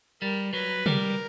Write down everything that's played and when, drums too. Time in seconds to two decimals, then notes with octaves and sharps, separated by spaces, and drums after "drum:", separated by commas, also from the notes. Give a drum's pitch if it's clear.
0.22 G3 A#4
0.53 F#3 B4
0.86 G3 A#4, drum: tom C3